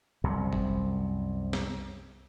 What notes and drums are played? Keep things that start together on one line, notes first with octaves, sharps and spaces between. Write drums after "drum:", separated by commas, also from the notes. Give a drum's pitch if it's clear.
C2 F#2 C3
drum: kick G#1
drum: snare